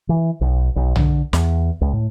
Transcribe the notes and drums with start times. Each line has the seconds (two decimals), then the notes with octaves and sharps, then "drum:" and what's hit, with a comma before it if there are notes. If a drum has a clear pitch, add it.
0.09 E3
0.41 B1
0.76 B1
0.96 D3, drum: tom B1
1.33 E2, drum: snare
1.81 C#2
1.93 A2